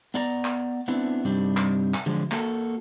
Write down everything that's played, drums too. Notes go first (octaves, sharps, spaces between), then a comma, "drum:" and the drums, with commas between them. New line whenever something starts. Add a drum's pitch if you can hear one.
B3 D4 D5 A#5
drum: clap
B3 C4 D4 E4
G2 C3 G3 C4 D4 D#4
drum: clap
drum: clap
D3 F3 F#3 G#3
A#3 F#4 A4, drum: clap